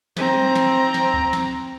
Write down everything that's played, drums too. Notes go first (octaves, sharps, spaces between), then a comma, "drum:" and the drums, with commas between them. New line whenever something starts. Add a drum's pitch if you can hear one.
C4 A#5, drum: snare
drum: tom F#3
drum: snare
drum: snare
drum: kick
drum: snare